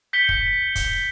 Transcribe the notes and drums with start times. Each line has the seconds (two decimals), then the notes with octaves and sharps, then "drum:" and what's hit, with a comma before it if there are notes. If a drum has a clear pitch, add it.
0.13 G6 B6 C#7 G7
0.29 drum: kick
0.75 drum: kick, hi-hat